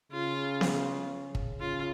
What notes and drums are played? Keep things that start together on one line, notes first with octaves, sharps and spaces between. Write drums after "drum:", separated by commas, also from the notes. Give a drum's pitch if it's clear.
C#3 F4
drum: snare B3
drum: kick
C#3 F4